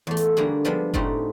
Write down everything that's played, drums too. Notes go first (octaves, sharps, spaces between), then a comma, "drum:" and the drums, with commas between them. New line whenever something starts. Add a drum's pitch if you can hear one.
E2 A3
drum: hi-hat
D3 G3 A#3 F#4 G#4
F3 G3 G#3 B3 D4
A2 G3 A3 C4 D#4 F#4, drum: kick F#1